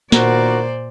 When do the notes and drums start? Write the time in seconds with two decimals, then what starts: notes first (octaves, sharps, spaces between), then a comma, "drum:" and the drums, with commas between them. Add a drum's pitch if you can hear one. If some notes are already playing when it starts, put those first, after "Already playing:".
0.12 A#2 D#3 B3 F#4 A#4 C5 D5, drum: snare